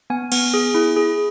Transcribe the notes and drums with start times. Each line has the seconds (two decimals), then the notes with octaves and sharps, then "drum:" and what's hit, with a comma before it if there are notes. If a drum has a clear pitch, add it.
0.10 B3 G#5
0.32 B3, drum: cymbal
0.54 G#4
0.74 E4
0.96 G#4